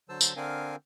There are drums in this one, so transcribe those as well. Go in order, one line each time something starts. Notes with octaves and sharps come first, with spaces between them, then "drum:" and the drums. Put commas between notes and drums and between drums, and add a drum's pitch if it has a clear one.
D3 F#3 C5 A5 E6
drum: tambourine
D3 C4 D4 A#4 F5 G#5